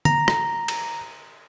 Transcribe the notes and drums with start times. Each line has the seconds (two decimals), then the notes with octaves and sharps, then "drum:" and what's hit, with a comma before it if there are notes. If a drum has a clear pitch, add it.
0.05 A#5, drum: tom D3
0.28 drum: rim click
0.68 drum: cymbal